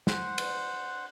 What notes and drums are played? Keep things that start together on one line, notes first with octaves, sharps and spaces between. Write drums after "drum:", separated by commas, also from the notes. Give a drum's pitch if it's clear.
C5 F#5, drum: snare
drum: cymbal